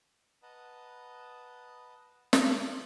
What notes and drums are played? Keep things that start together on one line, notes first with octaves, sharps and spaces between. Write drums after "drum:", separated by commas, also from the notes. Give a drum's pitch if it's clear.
B4 D#5 F#5 A5 A#5 D#6
drum: snare